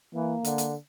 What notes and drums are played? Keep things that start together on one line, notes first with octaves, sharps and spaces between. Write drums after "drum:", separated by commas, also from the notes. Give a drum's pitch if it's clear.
E3 A#3
D3, drum: hi-hat
drum: hi-hat